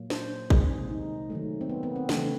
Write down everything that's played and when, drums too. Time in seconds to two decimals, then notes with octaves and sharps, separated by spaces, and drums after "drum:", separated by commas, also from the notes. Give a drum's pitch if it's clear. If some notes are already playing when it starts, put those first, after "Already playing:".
Already playing: A#2 F#3 A#3
0.10 C5, drum: snare
0.50 C3 D#3 G#3 G#4, drum: kick A1
0.90 D#4
1.30 D#3 F#3 A3
1.61 C4
1.69 B3
1.83 B3
1.96 C4
2.09 C#3 E3 A3, drum: snare